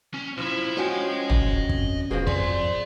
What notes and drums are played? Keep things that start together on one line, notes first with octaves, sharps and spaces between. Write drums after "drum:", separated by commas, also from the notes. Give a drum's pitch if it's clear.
C#4
B1 F3 E4
C#4 F#4 D#5 G5 G#5
drum: tom
F2, drum: kick
E1 B2 F3 G#4
F2 C5 D5 G#5, drum: kick